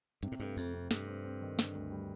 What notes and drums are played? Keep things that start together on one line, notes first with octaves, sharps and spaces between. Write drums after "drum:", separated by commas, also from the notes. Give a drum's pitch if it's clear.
G2 C3, drum: hi-hat
A2
G2 A3
F2 C3
C3
G2 A3, drum: snare
C4
C4
D#3
D3, drum: snare
D2
G3